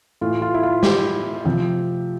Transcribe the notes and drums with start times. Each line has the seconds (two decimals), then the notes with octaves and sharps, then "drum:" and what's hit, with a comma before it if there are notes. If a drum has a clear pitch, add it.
0.21 A2 E3 A3 F4
0.42 F4
0.54 E4
0.63 F4
0.83 G4, drum: snare
1.45 C3 F3 C4